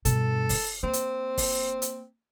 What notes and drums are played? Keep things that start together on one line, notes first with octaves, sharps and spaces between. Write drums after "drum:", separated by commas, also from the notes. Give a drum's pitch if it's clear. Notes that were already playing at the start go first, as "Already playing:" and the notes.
G2 B2 A4, drum: hi-hat
drum: kick, open hi-hat
A#3 C4
drum: hi-hat
drum: kick, open hi-hat
drum: hi-hat